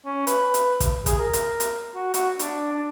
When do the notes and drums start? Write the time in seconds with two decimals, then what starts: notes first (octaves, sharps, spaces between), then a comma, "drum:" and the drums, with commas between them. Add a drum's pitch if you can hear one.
0.06 C#4
0.27 B4, drum: hi-hat
0.54 drum: hi-hat
0.80 drum: kick, hi-hat
1.06 G#4, drum: kick, hi-hat
1.19 A#4
1.33 drum: hi-hat
1.60 drum: hi-hat
1.95 F#4
2.14 F#4, drum: hi-hat
2.39 D4, drum: hi-hat
2.73 D4